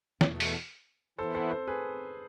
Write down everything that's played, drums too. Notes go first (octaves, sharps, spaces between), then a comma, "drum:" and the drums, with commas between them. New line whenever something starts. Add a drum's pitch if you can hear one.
E2 B2 A3, drum: snare
drum: open hi-hat
E3 B3 E4 A4 C5
A4 C5
A4 C5
G#4 B4